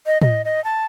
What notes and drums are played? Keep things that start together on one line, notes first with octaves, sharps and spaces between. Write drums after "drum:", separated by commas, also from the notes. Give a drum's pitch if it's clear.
D#5
D#5, drum: tom A2
D#5
A5